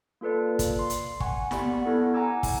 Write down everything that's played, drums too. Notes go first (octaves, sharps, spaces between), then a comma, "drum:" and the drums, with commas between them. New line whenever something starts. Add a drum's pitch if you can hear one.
A#3 F4 A4 B4 D5
drum: kick, hi-hat
C6
drum: hi-hat
F#5 G#5 C#6, drum: kick
B3 G4 D5 F#5 B5 C#6, drum: snare E4
B3 E4 A4
F#5 G#5 A#5 D6 E6 G#6
drum: kick, open hi-hat